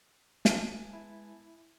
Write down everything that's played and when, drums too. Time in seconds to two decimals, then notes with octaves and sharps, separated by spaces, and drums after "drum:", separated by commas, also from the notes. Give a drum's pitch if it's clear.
0.45 G#3 B3 G#5 A5, drum: snare
0.93 E4